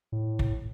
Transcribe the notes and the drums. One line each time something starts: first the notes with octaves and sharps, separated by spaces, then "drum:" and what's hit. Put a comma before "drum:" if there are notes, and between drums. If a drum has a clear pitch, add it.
A2
drum: kick